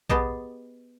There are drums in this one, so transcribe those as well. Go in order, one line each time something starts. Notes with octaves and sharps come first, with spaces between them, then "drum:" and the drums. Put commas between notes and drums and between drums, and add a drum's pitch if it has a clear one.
B3 G4 G#4 D#5 A5, drum: kick A#1